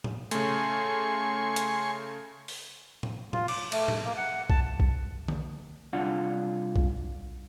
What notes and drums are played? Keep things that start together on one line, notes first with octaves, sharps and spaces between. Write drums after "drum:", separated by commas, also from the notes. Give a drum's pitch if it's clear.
drum: tom A2
C#3 A3 G#5 C6 C#6, drum: hi-hat
drum: hi-hat
drum: open hi-hat
drum: tom A2
F4, drum: tom A2
D6, drum: cymbal
A3, drum: cymbal
drum: tom A2
A#3
F#5
A5, drum: kick B1
drum: kick B1
drum: tom D3
C2 D4 F4 F#5
drum: kick B1